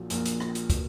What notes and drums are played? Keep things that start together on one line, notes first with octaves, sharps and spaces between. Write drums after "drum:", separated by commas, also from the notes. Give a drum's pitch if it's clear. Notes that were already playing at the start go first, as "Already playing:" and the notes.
Already playing: A#1 A#2 F#3 A#3
A#1 A#2 F#3 A#3, drum: hi-hat
drum: hi-hat
drum: rim click
drum: hi-hat
B2 A#3, drum: kick, hi-hat